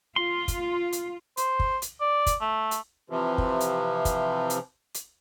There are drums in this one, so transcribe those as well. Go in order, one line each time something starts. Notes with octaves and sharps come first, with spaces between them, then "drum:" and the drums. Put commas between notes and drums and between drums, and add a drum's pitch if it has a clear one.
F4 C6
drum: kick, hi-hat
drum: hi-hat
C5, drum: hi-hat
drum: kick
drum: hi-hat
D5
drum: kick, hi-hat
A3
drum: hi-hat
C3 E3 F3
drum: kick
drum: hi-hat
drum: kick, hi-hat
drum: hi-hat
drum: hi-hat